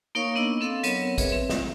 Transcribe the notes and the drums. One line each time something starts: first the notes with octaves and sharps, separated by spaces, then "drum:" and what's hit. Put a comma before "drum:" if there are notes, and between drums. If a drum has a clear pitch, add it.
A#3 D#4 A#4 C#5 F5 C#6
B3 D4 D#5 E6
C4 A4 F5 C6
F#3 B3 C4 A#4 C#5 D#5, drum: hi-hat
G#4 B4 C#5 E5, drum: kick, hi-hat
C4
drum: snare